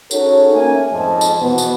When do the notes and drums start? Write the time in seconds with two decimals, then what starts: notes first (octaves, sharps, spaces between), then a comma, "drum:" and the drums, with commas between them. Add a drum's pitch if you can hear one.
0.11 C#4 D#4 F#4 G#4 A4 C#5, drum: tambourine
0.53 A3 A#3 C#4 E5 G#5
0.93 F2 G#2 D#5 A5
1.21 drum: tambourine
1.40 B2 E3 B3
1.58 drum: tambourine